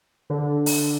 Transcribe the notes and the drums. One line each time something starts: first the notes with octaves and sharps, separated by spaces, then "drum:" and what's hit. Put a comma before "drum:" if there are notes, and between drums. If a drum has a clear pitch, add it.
D3
drum: open hi-hat